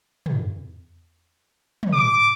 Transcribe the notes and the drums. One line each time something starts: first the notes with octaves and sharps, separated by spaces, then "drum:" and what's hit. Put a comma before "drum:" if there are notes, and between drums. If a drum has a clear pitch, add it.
drum: tom
drum: tom
D6